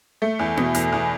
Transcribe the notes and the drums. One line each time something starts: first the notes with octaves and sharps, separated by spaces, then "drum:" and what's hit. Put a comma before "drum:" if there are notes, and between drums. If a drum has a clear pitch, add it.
A3
E2
B2, drum: tom B3
E2, drum: hi-hat
E2